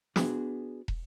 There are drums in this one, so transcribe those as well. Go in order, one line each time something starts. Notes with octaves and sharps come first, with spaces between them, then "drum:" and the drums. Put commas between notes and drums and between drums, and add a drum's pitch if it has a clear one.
B3 D4 F#4 G#4, drum: snare
drum: kick